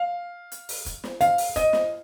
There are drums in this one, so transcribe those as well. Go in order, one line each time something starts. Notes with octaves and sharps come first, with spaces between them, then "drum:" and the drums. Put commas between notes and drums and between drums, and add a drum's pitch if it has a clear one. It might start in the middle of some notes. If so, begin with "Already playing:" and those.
Already playing: F5
drum: hi-hat
drum: open hi-hat
drum: kick, hi-hat
drum: snare
F5, drum: hi-hat
drum: open hi-hat
D#5, drum: kick, hi-hat
drum: snare